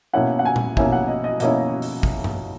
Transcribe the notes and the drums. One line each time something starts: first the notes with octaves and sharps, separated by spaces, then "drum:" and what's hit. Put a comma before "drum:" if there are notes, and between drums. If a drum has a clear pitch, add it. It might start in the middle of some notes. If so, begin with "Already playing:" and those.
B2 A#3 C#4 E4 F#5
F#5
G#5
drum: tom A#2
B2 A#3 C#4 E4 G#5, drum: kick
F#5
D#5
D#5
B2 A#3 C#4 E4 D#5, drum: hi-hat
drum: open hi-hat
drum: kick
drum: tom G2